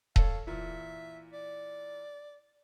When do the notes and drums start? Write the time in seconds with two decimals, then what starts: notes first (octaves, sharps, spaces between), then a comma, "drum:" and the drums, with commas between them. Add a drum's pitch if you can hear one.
0.16 A4 C#5 F5, drum: kick D#1
0.47 A#2 E3 E5
1.32 D5